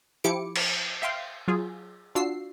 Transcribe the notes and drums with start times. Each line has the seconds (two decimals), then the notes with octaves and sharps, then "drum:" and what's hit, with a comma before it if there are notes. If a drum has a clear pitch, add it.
0.24 F3 E4 G4 D6 C#7 D7
0.56 drum: cymbal
1.02 E5 F5 G5 C6
1.48 F#3 F4 G#4
2.15 D4 F4 F#4 E6 C7